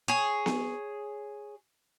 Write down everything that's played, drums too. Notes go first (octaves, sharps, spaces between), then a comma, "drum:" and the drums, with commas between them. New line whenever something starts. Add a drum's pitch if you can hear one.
G#4 C#5
drum: snare B3